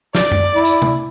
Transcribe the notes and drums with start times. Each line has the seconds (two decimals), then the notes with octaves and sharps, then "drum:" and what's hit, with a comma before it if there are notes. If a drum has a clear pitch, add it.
0.15 D5, drum: snare
0.31 drum: tom
0.55 E4
0.65 drum: tambourine
0.82 drum: tom